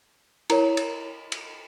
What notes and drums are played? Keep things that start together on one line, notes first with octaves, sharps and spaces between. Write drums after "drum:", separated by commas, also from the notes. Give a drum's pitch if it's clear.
E4 A#4 C#5 A#5, drum: cymbal
drum: cymbal
drum: cymbal